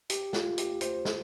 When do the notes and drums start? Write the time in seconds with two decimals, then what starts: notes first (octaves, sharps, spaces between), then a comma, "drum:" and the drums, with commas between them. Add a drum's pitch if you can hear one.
0.10 G4, drum: hi-hat
0.33 F4, drum: snare
0.58 G4, drum: hi-hat
0.81 C5, drum: hi-hat
1.05 drum: snare